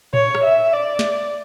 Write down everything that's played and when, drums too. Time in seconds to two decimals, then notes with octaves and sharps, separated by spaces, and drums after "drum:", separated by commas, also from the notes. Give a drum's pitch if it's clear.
0.14 C#5, drum: tom A2
0.35 drum: rim click
0.44 E5
0.73 D5
0.99 drum: snare